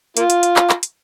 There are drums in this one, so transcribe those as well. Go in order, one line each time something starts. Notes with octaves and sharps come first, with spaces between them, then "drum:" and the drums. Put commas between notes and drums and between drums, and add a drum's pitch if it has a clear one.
A#3 F4, drum: hi-hat
drum: hi-hat
drum: hi-hat
drum: clap
drum: clap
drum: hi-hat